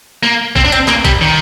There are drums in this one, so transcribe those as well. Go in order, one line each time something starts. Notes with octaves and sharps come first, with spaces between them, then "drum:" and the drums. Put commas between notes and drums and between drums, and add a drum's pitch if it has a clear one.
A#3
C4, drum: kick
D4
C4, drum: hi-hat
A#3, drum: clap
G3, drum: kick, hi-hat
D#3